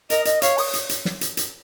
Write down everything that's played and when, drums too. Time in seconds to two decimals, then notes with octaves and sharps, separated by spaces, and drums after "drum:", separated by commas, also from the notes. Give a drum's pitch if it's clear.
0.10 A#4 D#5, drum: hi-hat
0.25 D#5, drum: hi-hat
0.42 C#5 F5, drum: hi-hat
0.58 D#6, drum: open hi-hat
0.74 drum: hi-hat
0.89 drum: hi-hat
1.05 drum: snare
1.21 drum: hi-hat
1.37 drum: hi-hat